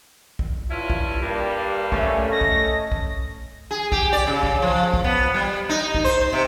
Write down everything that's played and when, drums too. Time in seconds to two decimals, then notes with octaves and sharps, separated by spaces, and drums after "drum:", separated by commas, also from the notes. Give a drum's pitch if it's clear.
0.39 drum: kick
0.70 G2 C#4 E4 F4
0.90 drum: kick
1.21 G2 G3 A#3
1.92 A3 C#4, drum: kick
2.32 D#5 A#6
2.41 drum: kick
2.92 drum: kick
3.71 G#4
3.92 G4, drum: kick
4.13 D5
4.27 C#3
4.43 drum: kick
4.62 F3
4.94 drum: kick
5.04 B3
5.34 G3
5.69 D#4
5.95 drum: kick
6.04 C5
6.33 C3